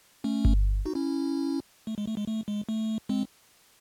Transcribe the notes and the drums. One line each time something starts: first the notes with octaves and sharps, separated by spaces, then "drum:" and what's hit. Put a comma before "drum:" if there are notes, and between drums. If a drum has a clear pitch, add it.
A3 C#4
drum: kick G1
D#4 F#4
C#4 E4
A3
G#3
A3
G#3
A3
G#3
A3
G#3 C4